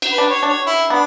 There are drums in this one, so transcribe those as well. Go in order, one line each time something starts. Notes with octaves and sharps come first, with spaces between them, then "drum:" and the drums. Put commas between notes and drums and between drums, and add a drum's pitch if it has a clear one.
drum: cymbal
B4
D4
C#5
D4
C#5
E4
B3 D4